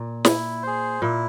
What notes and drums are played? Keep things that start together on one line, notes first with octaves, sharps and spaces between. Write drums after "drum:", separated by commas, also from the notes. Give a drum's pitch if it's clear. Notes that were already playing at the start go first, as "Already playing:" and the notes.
Already playing: A#2
E4, drum: snare
G#4 C5
A#2 E4